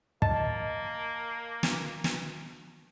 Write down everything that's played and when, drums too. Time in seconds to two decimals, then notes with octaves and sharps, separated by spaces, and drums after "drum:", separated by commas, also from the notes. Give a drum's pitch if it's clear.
0.22 A#3 D#5 A5, drum: kick
1.63 drum: snare
2.04 drum: snare